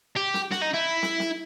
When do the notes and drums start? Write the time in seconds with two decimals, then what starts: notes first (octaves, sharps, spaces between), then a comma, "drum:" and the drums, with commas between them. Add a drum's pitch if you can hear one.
0.16 G4
0.34 drum: snare
0.52 F#4, drum: snare
0.62 D#4
0.74 E4
1.03 drum: snare
1.20 drum: snare